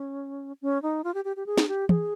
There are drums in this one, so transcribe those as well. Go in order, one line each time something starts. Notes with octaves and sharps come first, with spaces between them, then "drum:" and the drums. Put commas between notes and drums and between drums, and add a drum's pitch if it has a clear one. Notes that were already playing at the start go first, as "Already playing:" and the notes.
Already playing: C#4
C#4
D#4
F4
G4
G4
G4
G#4
drum: snare
G4
G#4, drum: tom